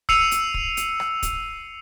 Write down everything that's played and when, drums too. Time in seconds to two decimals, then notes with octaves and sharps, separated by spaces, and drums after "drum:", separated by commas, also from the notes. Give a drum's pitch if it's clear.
0.09 E6 C7 C#7 D#7 F7, drum: kick
0.31 drum: hi-hat
0.54 drum: kick
0.77 drum: hi-hat
1.00 drum: rim click
1.23 drum: kick, hi-hat